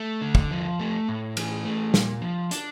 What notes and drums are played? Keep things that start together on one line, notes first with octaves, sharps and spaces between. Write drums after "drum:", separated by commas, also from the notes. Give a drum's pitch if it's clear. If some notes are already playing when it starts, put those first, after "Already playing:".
Already playing: A3
D3
drum: kick
F3
A3
A2
E3, drum: cymbal
A3
A#2, drum: snare
F3
D4, drum: hi-hat